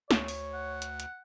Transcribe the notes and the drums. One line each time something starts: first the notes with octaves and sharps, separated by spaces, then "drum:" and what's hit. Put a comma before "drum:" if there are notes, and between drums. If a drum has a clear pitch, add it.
D2 C#5, drum: snare
drum: open hi-hat
F#5
drum: hi-hat
drum: hi-hat